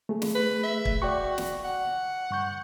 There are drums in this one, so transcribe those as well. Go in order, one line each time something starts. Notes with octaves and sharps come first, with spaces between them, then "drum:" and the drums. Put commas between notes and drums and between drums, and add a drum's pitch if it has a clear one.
A3 G#4
drum: snare
B4
E5
drum: kick
F#4 D5 G5 C#6
drum: snare
F#5
G2 C#6 G6